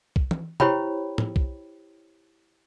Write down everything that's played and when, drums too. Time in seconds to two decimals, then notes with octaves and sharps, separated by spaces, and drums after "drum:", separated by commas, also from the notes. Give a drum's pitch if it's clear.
0.16 drum: kick
0.31 drum: tom
0.60 E4 G4 C5 C#5 G5 B5, drum: tom C3
1.18 drum: tom
1.36 drum: kick